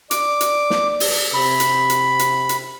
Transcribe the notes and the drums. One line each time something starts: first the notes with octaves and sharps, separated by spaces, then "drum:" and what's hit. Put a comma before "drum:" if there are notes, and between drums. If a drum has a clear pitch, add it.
D5 D6, drum: hi-hat
drum: hi-hat
drum: snare
drum: open hi-hat
C3 B5
drum: hi-hat
drum: hi-hat
drum: hi-hat
drum: hi-hat